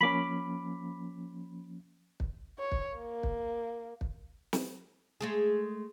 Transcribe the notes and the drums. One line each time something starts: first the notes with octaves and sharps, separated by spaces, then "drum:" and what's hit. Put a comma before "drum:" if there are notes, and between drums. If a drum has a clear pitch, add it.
F3 A#3 C#4 B5 D6
drum: kick
C#5
drum: kick
A#3
drum: kick
drum: kick
drum: snare
G#3 A3 G#4